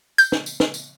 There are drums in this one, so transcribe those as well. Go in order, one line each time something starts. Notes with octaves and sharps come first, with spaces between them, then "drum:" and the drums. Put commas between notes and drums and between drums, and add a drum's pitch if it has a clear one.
G6, drum: tambourine
drum: snare
drum: tambourine
drum: snare
drum: tambourine